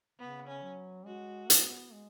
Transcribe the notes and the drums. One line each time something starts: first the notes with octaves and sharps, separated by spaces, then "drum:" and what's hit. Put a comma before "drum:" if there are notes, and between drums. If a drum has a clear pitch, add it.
C#3 B3
C#4
F#3
G#3 F#4
B3, drum: hi-hat
G#3